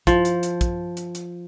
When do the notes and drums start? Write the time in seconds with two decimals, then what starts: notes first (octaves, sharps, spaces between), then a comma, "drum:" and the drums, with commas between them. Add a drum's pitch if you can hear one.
0.07 F3, drum: kick, hi-hat
0.25 drum: hi-hat
0.43 drum: hi-hat
0.61 drum: kick, hi-hat
0.97 drum: hi-hat
1.15 drum: hi-hat